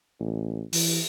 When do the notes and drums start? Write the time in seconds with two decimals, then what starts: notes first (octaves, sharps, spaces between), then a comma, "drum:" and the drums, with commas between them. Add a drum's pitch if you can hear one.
0.20 A1
0.73 E3, drum: open hi-hat